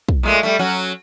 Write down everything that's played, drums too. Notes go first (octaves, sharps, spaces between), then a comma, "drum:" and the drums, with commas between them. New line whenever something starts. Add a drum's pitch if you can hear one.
drum: kick
A#2 G#3 A3
G3 A3
F#3 C#4 F#4